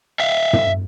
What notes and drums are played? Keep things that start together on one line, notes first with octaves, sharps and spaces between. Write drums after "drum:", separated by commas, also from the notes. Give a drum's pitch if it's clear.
E5 F5
drum: tom